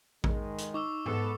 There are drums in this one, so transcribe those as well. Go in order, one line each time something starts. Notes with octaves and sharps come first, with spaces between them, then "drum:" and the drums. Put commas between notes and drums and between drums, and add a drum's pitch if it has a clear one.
D#3 G#3, drum: kick A1
drum: hi-hat
D#4 C#6 D6 E6
G#2 B3 A4, drum: tom G#2